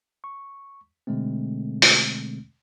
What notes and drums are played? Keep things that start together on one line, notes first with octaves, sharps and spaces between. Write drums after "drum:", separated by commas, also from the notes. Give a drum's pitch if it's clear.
C#6
B2 D3 G#3 A3 C4
drum: open hi-hat